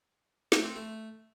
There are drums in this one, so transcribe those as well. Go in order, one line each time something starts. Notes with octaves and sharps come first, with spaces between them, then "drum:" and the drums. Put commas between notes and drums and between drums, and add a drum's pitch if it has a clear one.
A3, drum: snare
C4
A3